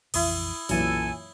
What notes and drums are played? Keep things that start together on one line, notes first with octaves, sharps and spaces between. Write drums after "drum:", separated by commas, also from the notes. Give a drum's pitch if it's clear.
A#1 F2 E3 E4 D#6, drum: cymbal
B1 F#2 A#2 E3 A4 G#5, drum: open hi-hat